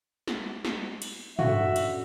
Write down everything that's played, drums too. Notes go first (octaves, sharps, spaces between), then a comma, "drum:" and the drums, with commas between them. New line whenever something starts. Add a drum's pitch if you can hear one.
drum: snare
drum: snare
drum: cymbal
D3 C#4 F#4 E5, drum: tom
drum: cymbal